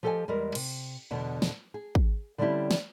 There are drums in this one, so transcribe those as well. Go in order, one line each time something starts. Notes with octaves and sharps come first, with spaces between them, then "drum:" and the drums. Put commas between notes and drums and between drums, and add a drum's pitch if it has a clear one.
F3 G4 A4 B4 D#5 G#5
E2 G3 G#3 A#4
C3, drum: cymbal
E2 B2 D3 B3
drum: snare
G#4
drum: kick
D3 G3 C4 C#4 E4 G4
drum: snare